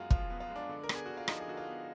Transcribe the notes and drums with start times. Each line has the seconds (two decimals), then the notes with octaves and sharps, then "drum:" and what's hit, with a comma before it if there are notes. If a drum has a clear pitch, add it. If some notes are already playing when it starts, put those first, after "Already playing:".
Already playing: F#2 G#3 B3 F4 F#4
0.10 F3 F4, drum: kick
0.30 B3
0.40 F4
0.50 G#3
0.56 D4
0.69 D3
0.84 A#4
0.89 B3, drum: rim click
0.95 G#4
1.06 D3 F#4
1.17 F4
1.28 F3 D#4, drum: rim click
1.40 G#4
1.48 D3 F#4
1.57 F4
1.67 B3